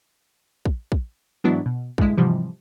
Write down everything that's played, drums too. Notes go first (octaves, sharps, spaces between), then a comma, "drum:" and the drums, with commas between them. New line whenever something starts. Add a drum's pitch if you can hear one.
drum: kick
drum: kick
G#2 E3 F#3 B3 D4 E4
B2
G2 A#2 D3 G#3 E4, drum: kick
G#2 C3 E3 F3 G3